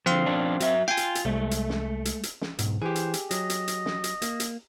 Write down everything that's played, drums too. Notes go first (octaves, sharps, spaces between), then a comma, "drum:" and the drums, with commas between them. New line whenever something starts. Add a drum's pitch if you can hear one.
D3 F3 C4 F5 C6
F3 C#4 D4
F#3 E5, drum: hi-hat
F4 F5 G5 G#5
drum: hi-hat
drum: hi-hat
C2 G#3 A3
drum: hi-hat
drum: snare
drum: hi-hat
drum: hi-hat
drum: snare
B1 G#2, drum: hi-hat
E3 G4 G#4 C5
drum: hi-hat
drum: hi-hat
F#3 D#5, drum: hi-hat
drum: hi-hat
drum: hi-hat
drum: snare
drum: hi-hat
A#3, drum: hi-hat
drum: hi-hat